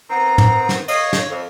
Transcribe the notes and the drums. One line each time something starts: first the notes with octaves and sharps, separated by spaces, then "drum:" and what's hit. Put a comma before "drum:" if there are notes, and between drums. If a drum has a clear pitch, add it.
D#3 B3 C4 A#5
drum: tom
drum: snare
C#5 D#5 F5, drum: cymbal
drum: snare
F2